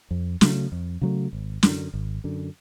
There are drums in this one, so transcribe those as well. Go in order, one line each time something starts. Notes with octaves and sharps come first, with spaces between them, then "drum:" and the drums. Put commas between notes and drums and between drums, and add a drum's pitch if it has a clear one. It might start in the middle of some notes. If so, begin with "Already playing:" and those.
F2
C#3 F#3 A3, drum: snare
F2
C#3 F#3 A3
G#1
F#2 D3, drum: snare
G#1
F#2 D3